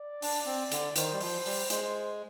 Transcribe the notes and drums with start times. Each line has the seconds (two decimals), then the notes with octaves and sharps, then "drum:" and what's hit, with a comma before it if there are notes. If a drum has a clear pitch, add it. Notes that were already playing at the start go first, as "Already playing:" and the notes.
Already playing: D5
0.22 D4, drum: open hi-hat
0.46 C4
0.72 D3, drum: hi-hat
0.96 D#3 C5, drum: hi-hat
1.13 G3
1.21 F3, drum: open hi-hat
1.46 G3, drum: open hi-hat
1.70 G#3 C5, drum: hi-hat